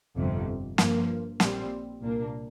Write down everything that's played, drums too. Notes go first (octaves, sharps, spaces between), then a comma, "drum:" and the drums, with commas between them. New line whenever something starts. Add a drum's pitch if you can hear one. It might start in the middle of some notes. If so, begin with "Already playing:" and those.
G1 F2 C3
G2 F3 A#3, drum: snare
A#1 A#2 G3 C4, drum: snare
C2 A#2 A#3 D4